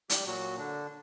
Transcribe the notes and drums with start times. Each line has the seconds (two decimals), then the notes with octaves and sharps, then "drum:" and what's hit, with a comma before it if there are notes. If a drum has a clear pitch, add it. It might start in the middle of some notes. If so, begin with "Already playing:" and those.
0.10 G3 G4, drum: hi-hat
0.26 A#2 F#3 F#4
0.58 D3 D4